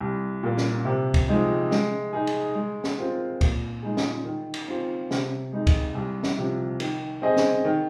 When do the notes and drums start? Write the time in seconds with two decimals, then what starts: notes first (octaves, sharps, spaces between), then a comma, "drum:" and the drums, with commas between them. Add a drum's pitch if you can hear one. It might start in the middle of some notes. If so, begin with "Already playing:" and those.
0.01 C2
0.43 A#2 A#3
0.57 drum: snare
0.85 C3
1.14 drum: kick, cymbal
1.28 F3 G#3 D#4
1.71 G#3, drum: snare
2.13 D#4 G#4
2.27 drum: cymbal
2.55 G#3
2.84 drum: snare
2.98 C4 F4 A#4
3.41 A#2, drum: kick, cymbal
3.82 G#3 D#4 G#4
3.97 drum: snare
4.25 D#3
4.54 drum: cymbal
4.68 C4 F4
5.11 C3, drum: snare
5.52 G#3 D#4
5.67 drum: kick, cymbal
5.95 C2
6.23 drum: snare
6.38 C3 F3
6.80 D#3, drum: cymbal
7.22 C4 G#4 D#5
7.37 drum: snare
7.65 D#3